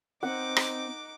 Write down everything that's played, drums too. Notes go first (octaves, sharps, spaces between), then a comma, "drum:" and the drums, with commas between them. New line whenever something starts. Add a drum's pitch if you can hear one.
C4 D#4 F#5 D6
drum: rim click